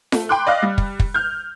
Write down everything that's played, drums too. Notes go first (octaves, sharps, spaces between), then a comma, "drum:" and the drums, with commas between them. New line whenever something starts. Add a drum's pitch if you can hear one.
A3, drum: snare F4
G5 B5 C6 D6 F#6
D5 D#5 F5 F#6
G3
drum: kick
drum: kick
F6 G6